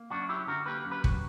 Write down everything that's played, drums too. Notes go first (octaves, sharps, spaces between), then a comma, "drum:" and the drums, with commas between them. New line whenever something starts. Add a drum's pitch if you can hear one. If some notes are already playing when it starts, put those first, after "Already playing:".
Already playing: A#3
F#2 D4 F#4
F#3 E4 G4
D3 F#4 A#4
A#3 G4 B4
F#2
G4 B4
F#3, drum: kick